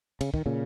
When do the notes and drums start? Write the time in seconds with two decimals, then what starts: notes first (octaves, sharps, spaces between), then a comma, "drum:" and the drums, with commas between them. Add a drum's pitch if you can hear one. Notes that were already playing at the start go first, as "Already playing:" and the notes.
0.21 C#3, drum: cymbal
0.34 D#3, drum: kick
0.46 A#2 C#3